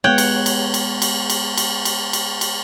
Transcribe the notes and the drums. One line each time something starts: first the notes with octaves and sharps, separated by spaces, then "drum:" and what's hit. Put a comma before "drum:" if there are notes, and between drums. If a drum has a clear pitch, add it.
G#3 B3 C#5 F#5 G5
drum: cymbal
drum: cymbal
drum: cymbal
drum: cymbal
drum: cymbal
drum: cymbal
drum: cymbal
drum: cymbal
drum: cymbal